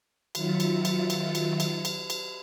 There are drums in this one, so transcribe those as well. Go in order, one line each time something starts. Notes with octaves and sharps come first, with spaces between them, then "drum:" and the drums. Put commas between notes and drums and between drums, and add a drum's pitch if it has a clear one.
D#3 F#3 F4 E5 A6 C#7, drum: cymbal
drum: cymbal
drum: cymbal
drum: cymbal
drum: cymbal
drum: cymbal
drum: cymbal
drum: cymbal